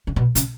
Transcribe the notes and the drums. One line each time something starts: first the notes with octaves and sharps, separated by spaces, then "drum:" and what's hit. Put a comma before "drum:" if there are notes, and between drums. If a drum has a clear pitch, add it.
C#3
B2
C#3, drum: hi-hat